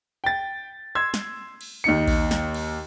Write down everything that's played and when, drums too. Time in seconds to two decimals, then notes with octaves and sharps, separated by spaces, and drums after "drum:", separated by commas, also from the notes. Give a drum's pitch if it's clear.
0.24 G5 A6
0.95 C6 E6 G#6
1.14 drum: snare
1.61 drum: cymbal
1.84 D#2 D#4 C#7
2.08 drum: kick A#1, cymbal
2.31 drum: snare
2.54 drum: cymbal